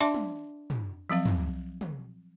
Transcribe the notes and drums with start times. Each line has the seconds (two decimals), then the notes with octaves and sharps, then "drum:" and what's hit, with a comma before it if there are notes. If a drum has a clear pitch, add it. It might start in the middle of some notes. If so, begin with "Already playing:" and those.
0.01 D4 D5 E5 A5 C6 D6
0.14 drum: tom
0.70 drum: tom
1.10 F3 F#3 C4 F5
1.26 drum: tom
1.81 drum: tom